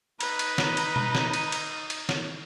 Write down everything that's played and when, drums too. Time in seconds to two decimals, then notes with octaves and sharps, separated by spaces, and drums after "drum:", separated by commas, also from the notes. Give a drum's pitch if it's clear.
0.20 D#4 B4 A#5, drum: cymbal
0.39 drum: cymbal
0.58 drum: snare
0.77 drum: cymbal
0.96 drum: tom B2
1.15 drum: snare
1.33 drum: cymbal
1.52 drum: cymbal
1.90 drum: cymbal
2.09 drum: snare